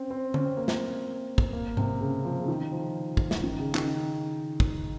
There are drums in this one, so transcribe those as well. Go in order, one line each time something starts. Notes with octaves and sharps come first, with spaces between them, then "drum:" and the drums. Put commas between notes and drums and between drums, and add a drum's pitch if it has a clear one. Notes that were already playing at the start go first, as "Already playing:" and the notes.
Already playing: C4 C#4
C4
C#4, drum: tom D3
C4
A#3
C4, drum: snare
drum: kick
A#3
C3, drum: tom G#2
C#3
F3
C#3
D#3
F3
drum: kick
drum: snare
D#3
C#3
D#3, drum: clap
drum: kick